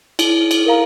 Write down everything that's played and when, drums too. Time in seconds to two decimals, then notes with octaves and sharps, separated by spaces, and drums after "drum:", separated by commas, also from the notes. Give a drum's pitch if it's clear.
0.19 E4, drum: cymbal
0.51 drum: cymbal
0.66 A#4 F5 A#5